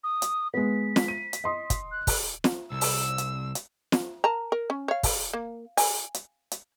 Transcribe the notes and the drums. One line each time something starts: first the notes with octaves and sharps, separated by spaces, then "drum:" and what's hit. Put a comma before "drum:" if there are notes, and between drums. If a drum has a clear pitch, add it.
D#6
drum: hi-hat
G#3 B3 B6
drum: snare
D#7
drum: hi-hat
D#5 C6 D#6
drum: kick, hi-hat
F#6
drum: kick, open hi-hat
drum: snare
C2 E6
drum: open hi-hat
drum: hi-hat
drum: hi-hat
drum: snare
A#4 A5 A#5
A#4
C#4
C#5 F5
drum: kick, open hi-hat
A#3
G#5, drum: open hi-hat
drum: hi-hat
drum: hi-hat